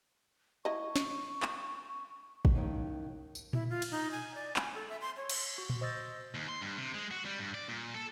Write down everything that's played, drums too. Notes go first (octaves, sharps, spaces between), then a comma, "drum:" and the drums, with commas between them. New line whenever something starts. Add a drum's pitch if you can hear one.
E4 D#5 C#6
drum: snare
drum: clap
drum: kick
A2 D#3 F#3 A#3 C#4 D#4
drum: tambourine
E4, drum: tom A#2
F4
drum: cymbal
D#4
G#5
D5
G#5, drum: clap
A4
E5
C6
C#5
drum: cymbal
F#4
drum: tom A#2
C5 D#5 D#6 E6 A6
D#2
C6
G2
C3
G#3
F#4
G3
G2
D5
A#2
A4